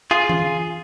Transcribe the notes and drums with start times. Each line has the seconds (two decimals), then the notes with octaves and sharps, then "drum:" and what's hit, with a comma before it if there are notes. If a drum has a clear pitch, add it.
0.11 F4 G#4
0.29 drum: tom E3